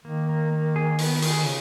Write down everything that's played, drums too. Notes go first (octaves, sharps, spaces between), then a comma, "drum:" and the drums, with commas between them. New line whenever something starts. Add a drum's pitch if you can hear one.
D#3 A#3
A#3
A#3
G#4
B3, drum: open hi-hat
G#4, drum: open hi-hat
C#3